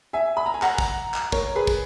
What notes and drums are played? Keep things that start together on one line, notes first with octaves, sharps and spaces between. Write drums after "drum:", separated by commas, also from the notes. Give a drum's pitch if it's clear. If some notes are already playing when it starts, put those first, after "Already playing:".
E5 G#5
B5
A#5
G#5
F#5 A#5, drum: clap
drum: kick
drum: clap
A#4 C#5, drum: kick
G#4 B4
drum: kick